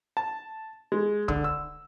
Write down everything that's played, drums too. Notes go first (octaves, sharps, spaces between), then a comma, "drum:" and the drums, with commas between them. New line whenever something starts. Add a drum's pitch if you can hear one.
A5
G#3
D3, drum: kick
E6